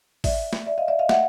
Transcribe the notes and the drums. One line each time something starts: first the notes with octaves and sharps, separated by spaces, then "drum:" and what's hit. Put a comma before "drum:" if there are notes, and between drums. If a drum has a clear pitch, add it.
D5 E5, drum: kick A1, open hi-hat
drum: snare
D5 E5
D#5 F5
D5 E5
D#5 F5
E5 F#5, drum: snare